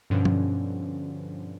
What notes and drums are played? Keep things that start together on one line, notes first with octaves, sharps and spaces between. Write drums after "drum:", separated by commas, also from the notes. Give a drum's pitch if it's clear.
G2 B2 D3 F3 C#4
drum: tom F3